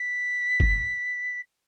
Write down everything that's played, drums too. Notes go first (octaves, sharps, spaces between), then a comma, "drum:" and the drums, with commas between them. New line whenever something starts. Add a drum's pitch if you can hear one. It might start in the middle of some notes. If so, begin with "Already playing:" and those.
Already playing: B6
drum: kick